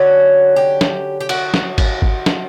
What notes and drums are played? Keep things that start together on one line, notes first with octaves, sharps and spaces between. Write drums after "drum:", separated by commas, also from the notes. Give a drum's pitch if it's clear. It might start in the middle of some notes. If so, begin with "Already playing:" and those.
Already playing: D3 F#3 C#4 F#4
G4
drum: snare
G4
F#4, drum: cymbal
drum: snare
drum: kick G#1, cymbal
drum: kick G#1
drum: snare